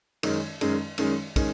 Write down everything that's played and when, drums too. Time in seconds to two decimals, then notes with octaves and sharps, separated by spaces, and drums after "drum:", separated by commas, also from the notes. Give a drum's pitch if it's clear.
0.23 F#2 D#3 G#3 C#4, drum: cymbal
0.61 F#2 D#3 G#3 C#4, drum: cymbal
0.98 F#2 D#3 G#3 C#4, drum: cymbal
1.36 D#3 G#3 C#4, drum: kick, cymbal